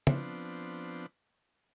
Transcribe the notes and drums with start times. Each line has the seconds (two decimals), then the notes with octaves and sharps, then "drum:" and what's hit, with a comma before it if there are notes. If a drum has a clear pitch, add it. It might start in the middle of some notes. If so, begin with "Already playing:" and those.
0.07 F3 B3 C4 D4, drum: tom